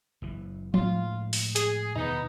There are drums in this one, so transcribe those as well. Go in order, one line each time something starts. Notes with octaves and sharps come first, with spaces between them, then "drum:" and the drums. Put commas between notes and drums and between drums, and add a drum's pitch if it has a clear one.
F#1 E3
A2 F3 G#3 F4, drum: tom F3
drum: open hi-hat
G#4, drum: hi-hat
E2 B2 D#3 B3 D#4